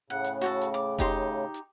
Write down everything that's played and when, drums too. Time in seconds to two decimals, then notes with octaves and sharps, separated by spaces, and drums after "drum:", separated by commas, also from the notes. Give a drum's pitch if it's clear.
0.10 A2 C#3 F#5
0.24 drum: hi-hat
0.41 F#4 G4 A4
0.61 drum: hi-hat
0.74 D6
0.98 D#4 G4 C6, drum: kick F1, hi-hat
1.54 drum: hi-hat